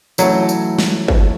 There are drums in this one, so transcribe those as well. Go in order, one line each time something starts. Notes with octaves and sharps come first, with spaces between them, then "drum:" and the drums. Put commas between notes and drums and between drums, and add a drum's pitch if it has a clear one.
E3 F#3 A3 C#4 E4 A4, drum: tambourine
drum: tambourine
drum: snare
drum: kick